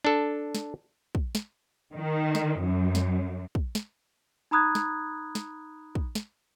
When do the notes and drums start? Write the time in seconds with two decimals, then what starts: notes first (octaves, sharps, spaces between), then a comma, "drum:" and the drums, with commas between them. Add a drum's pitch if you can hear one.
0.05 D4 A4
0.55 drum: snare
1.15 drum: kick
1.35 drum: snare
1.95 D#3
2.35 drum: snare
2.59 F#2
2.95 drum: snare
3.55 drum: kick
3.75 drum: snare
4.51 D#4 A#5 B5 D#6 F#6 G#6
4.75 drum: snare
5.35 drum: snare
5.95 drum: kick
6.15 drum: snare